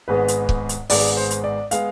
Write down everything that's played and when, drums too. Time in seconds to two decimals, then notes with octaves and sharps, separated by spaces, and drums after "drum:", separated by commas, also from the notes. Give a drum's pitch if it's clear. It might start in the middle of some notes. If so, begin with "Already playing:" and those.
0.08 G#1 G#2 G#3 B3 B4
0.28 drum: hi-hat
0.49 drum: kick C#1
0.69 drum: hi-hat
0.90 G#1 G#2 G#3 B3 D5, drum: open hi-hat
1.17 C5
1.31 drum: hi-hat
1.44 D5
1.71 G#3 B3 F5, drum: hi-hat